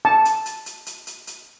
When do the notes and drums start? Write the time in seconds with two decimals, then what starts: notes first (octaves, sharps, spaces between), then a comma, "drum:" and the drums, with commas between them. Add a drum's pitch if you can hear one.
0.05 A5
0.25 drum: hi-hat
0.46 drum: hi-hat
0.66 drum: hi-hat
0.86 drum: hi-hat
1.07 drum: hi-hat
1.27 drum: hi-hat